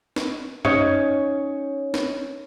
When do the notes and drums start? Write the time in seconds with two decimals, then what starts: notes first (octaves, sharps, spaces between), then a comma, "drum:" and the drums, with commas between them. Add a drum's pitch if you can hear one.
0.16 drum: snare
0.65 C#4 D#4 C#5, drum: tom F#2
1.94 drum: snare